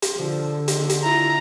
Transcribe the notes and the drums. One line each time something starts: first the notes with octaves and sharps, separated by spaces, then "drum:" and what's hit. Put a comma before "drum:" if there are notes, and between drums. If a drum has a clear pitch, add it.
drum: hi-hat
D3 F3
D#2, drum: hi-hat
drum: hi-hat
E4 F4 A#5